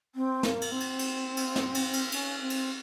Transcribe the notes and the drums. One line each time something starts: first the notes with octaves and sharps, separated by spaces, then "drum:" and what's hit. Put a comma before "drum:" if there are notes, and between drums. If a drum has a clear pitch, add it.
C4
A#3, drum: snare
drum: cymbal
C4
drum: cymbal
drum: cymbal
drum: cymbal
drum: snare
drum: cymbal
drum: cymbal
C#4, drum: cymbal
C4
drum: cymbal